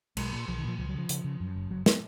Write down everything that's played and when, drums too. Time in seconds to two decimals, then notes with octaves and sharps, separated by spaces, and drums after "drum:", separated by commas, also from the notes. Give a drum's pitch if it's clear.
0.17 B1 G#3, drum: cymbal
0.32 A#2
0.48 B1 F3
0.58 D#3
0.63 A#2 F3
0.78 C#2 F3
0.89 F#3
0.94 C#3 F3
1.09 C#3, drum: hi-hat
1.24 C#3
1.40 F#2
1.55 F#1
1.70 F#1 F#3
1.86 B3, drum: snare